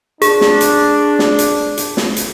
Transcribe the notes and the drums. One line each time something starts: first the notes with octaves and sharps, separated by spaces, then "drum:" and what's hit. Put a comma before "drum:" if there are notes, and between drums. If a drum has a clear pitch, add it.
D4 G#4, drum: hi-hat
drum: snare
drum: hi-hat
drum: snare
drum: hi-hat
drum: hi-hat
drum: snare
drum: hi-hat